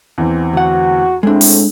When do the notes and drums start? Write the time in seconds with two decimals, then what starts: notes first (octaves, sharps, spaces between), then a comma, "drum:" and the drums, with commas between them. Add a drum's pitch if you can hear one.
0.18 E2 E3 C4
0.54 D2 F#4 F#5
1.23 A2 G#3 A3 C4 D4
1.41 drum: open hi-hat